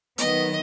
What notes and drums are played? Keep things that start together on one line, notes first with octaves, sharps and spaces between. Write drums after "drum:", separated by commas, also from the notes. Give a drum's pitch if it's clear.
D#3 F#3 B3 D#5, drum: hi-hat